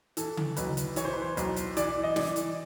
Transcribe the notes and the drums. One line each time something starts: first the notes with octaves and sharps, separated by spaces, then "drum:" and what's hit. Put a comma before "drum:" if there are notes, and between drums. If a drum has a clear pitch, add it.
E3 A4, drum: hi-hat
drum: tom C#3
B1 B4, drum: hi-hat
drum: hi-hat
E3 C#5, drum: hi-hat
C5
B4
C5
B1, drum: hi-hat
drum: hi-hat
E3 D5, drum: hi-hat
D#5
E3 D5, drum: snare
drum: hi-hat